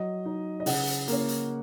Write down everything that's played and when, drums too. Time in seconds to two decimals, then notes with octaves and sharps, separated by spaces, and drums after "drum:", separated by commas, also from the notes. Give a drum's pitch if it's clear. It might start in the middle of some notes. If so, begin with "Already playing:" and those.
Already playing: F#3 D#5
0.25 D#4
0.60 D#5
0.66 C#3 F#5, drum: open hi-hat
0.87 drum: hi-hat
1.08 A#3 C#4, drum: hi-hat
1.28 drum: hi-hat